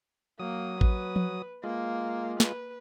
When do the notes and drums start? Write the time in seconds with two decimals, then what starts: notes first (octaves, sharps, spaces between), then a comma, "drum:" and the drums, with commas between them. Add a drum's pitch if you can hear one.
0.39 F#3 A#3 D#6
0.81 B4, drum: kick A1
1.16 drum: tom F3
1.64 G#3 A#3 F4
2.40 B4, drum: snare